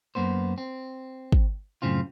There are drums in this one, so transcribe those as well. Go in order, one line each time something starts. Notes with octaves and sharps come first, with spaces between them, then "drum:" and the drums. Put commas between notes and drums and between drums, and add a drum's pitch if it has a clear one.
F#2 A#3 B3 C5
C4
drum: kick
F#2 A2 C#3 C4 F4